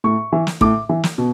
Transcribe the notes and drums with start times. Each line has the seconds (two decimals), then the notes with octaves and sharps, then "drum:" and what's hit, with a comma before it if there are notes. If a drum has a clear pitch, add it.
0.04 A2 C#6
0.33 E3
0.47 drum: snare
0.61 A2 D6, drum: kick
0.89 E3
1.04 drum: snare
1.18 B2